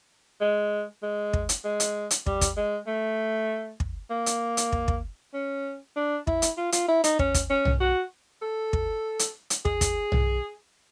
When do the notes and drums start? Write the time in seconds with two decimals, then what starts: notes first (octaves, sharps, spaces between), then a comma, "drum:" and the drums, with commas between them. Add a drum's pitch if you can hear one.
0.41 G#3
1.03 G#3
1.33 drum: kick
1.49 drum: hi-hat
1.65 G#3
1.80 drum: hi-hat
2.11 drum: hi-hat
2.26 G3, drum: kick
2.41 drum: kick, hi-hat
2.57 G#3
2.87 A3
3.80 drum: kick
4.11 A#3
4.26 drum: hi-hat
4.57 drum: hi-hat
4.72 drum: kick
4.88 drum: kick
5.34 C#4
5.96 D4
6.27 E4, drum: kick
6.42 drum: hi-hat
6.57 F4
6.72 F4, drum: hi-hat
6.88 E4
7.04 D#4, drum: hi-hat
7.19 C#4, drum: kick
7.34 drum: kick, hi-hat
7.50 C#4
7.65 drum: tom
7.80 F#4
8.42 A4
8.73 drum: kick
9.19 drum: hi-hat
9.50 drum: hi-hat
9.65 G#4, drum: kick
9.81 drum: kick, hi-hat
10.12 drum: tom